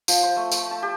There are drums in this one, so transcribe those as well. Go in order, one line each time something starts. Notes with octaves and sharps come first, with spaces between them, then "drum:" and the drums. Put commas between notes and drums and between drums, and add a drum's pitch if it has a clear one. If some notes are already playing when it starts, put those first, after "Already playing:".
F3, drum: tambourine
C5
A3
A3, drum: tambourine
A5
G4